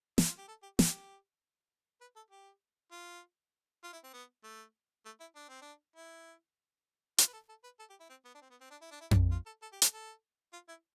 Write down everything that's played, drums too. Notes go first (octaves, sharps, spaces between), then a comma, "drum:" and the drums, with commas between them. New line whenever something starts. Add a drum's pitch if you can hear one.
E4, drum: snare
F4
G4
A4
G4
G4, drum: snare
B4
A4
G4
F4
F4
E4
C4
B3
A3
A3
E4
D4
C4
D4
E4
F4, drum: hi-hat
B4
A4
A4
B4
A4
G4
E4
C4
B3
D4
C4
B3
C4
D4
E4
D4
E4
D4, drum: tom F2
F4
A4
A4
G4
A4, drum: hi-hat
A4
F4
E4